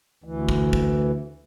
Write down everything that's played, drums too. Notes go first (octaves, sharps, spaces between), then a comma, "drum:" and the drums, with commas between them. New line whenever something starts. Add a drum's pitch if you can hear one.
D2 E3
drum: kick
drum: kick